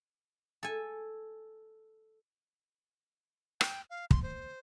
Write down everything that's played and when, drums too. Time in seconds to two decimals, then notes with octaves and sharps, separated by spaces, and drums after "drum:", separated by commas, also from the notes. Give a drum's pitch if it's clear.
0.63 A4 G#5
3.61 G5, drum: rim click
3.90 F5
4.11 C6, drum: kick
4.23 C5